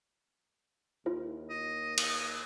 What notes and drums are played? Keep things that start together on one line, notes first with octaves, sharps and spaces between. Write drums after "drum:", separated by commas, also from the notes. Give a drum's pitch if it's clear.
D#2 E4 F4 C5
D#5
drum: cymbal